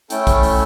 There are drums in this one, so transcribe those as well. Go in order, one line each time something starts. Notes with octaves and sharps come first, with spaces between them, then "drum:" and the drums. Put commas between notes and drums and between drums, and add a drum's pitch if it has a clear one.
A3 C#4 E4 A4 G5, drum: hi-hat
drum: kick, hi-hat
drum: open hi-hat